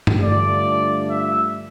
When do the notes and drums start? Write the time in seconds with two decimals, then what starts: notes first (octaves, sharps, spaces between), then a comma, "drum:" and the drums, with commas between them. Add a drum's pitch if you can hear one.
0.07 drum: tom
0.21 G2 D3 F3 A3 D5
1.08 E5